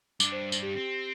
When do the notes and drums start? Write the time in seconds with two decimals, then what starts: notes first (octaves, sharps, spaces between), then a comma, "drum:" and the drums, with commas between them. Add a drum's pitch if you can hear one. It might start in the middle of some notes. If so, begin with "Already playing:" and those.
0.20 G2 D4 D6, drum: tambourine
0.32 C5
0.52 drum: tambourine
0.62 G4
0.76 C4